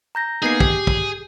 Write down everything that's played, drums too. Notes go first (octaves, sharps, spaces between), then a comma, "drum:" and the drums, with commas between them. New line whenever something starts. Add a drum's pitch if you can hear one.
A#5 G6 A#6
A#3 B3 D#4 G#4 G6 C7
G4, drum: kick
drum: kick